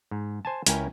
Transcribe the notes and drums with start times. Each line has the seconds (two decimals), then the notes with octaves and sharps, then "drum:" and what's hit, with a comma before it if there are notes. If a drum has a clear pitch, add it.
0.11 G#2
0.45 C5 G#5 A5
0.67 C#2 C#4 E4 A#4 G5 G#5, drum: hi-hat